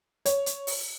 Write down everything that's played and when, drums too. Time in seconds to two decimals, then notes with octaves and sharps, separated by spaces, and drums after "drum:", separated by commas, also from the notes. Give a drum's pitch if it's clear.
0.25 C#5, drum: hi-hat
0.46 drum: hi-hat
0.67 drum: open hi-hat